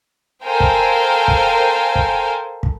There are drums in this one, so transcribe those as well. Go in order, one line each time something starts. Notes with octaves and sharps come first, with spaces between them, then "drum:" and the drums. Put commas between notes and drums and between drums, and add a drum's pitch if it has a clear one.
A4 A#4 C5 F5 G5 G#5
drum: kick
drum: kick
drum: kick
drum: kick